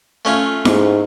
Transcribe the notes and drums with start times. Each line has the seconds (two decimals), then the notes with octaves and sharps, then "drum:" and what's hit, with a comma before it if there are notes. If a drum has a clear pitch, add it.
0.25 A3 C#4 F4
0.65 G#2, drum: snare E4